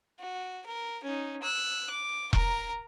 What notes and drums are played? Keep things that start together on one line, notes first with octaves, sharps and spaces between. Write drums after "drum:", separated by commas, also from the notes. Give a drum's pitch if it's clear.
F#4
A#4
C#4 D#4
E6 F#6
D6
A#4 A#5, drum: kick E1